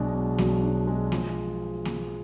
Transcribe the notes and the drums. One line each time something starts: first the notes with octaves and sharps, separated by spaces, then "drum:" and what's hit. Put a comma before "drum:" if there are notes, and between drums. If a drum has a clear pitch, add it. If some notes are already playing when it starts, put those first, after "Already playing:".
Already playing: B1 B2 G#3 D4
B2
B1, drum: snare A#3
D4
G#3
F3, drum: snare A#3
drum: snare A#3